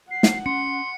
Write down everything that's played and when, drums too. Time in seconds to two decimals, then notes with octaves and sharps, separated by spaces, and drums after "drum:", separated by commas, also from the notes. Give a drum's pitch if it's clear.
0.11 F#5 C7
0.23 drum: snare
0.46 C#4 C6 C#7